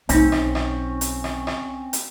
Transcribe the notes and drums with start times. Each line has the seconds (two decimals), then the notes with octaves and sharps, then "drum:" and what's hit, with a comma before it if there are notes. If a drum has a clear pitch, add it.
0.09 B1 C4 C#4 D#4, drum: hi-hat
0.32 drum: rim click
0.55 drum: rim click
1.01 drum: hi-hat
1.24 drum: rim click
1.47 drum: rim click
1.93 drum: hi-hat